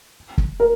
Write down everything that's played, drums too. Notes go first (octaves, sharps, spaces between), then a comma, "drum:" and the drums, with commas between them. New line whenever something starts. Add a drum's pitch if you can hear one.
drum: kick
A#4